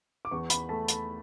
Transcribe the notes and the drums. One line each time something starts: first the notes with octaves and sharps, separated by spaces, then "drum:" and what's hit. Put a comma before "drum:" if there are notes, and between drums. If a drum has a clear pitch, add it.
D6
E2 C#6
B5, drum: hi-hat
A3 A5
drum: hi-hat